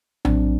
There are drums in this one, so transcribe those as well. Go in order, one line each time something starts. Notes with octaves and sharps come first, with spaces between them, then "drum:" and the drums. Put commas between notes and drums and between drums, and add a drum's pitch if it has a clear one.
A2 F#3 C4 D4, drum: tom A#1